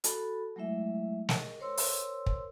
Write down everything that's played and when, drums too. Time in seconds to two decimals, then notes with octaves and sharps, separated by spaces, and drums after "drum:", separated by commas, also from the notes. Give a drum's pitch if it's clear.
0.04 F#4 A4 A5 B5, drum: hi-hat
0.56 F#3 G#3 A3 E4 E5
1.29 A#4 D#5, drum: snare
1.60 A#4 C5 C#5 C6 E6
1.77 drum: open hi-hat
2.26 drum: kick